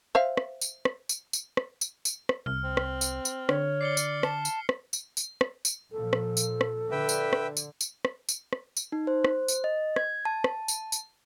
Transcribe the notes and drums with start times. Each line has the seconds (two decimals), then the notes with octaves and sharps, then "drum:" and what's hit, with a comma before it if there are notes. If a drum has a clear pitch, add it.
0.15 C5 E5 F5
0.37 drum: rim click
0.61 drum: tambourine
0.85 drum: rim click
1.09 drum: tambourine
1.33 drum: tambourine
1.57 drum: rim click
1.81 drum: tambourine
2.05 drum: tambourine
2.29 drum: rim click
2.46 C2 F6
2.63 C4
2.77 drum: rim click
3.01 drum: tambourine
3.25 drum: tambourine
3.49 D3 C#5, drum: rim click
3.81 D5 C7 C#7 G7
3.97 drum: tambourine
4.23 A5, drum: rim click
4.45 drum: tambourine
4.69 drum: rim click
4.93 drum: tambourine
5.17 drum: tambourine
5.41 drum: rim click
5.65 drum: tambourine
5.92 A#2 F3 A4
6.13 drum: rim click
6.37 drum: tambourine
6.61 drum: rim click
6.91 D3 B4 E5 G5
7.09 drum: tambourine
7.33 drum: rim click
7.57 drum: tambourine
7.81 drum: tambourine
8.05 drum: rim click
8.29 drum: tambourine
8.53 drum: rim click
8.77 drum: tambourine
8.92 D#4
9.07 C5
9.24 drum: rim click
9.48 drum: tambourine
9.64 D#5
9.96 G#6, drum: rim click
10.25 A5
10.44 drum: rim click
10.68 drum: tambourine
10.92 drum: tambourine